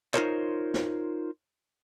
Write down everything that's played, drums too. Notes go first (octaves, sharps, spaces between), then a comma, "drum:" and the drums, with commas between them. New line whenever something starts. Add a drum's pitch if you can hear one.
D#4 F4 A4 A#4 C5 C#5, drum: clap
drum: snare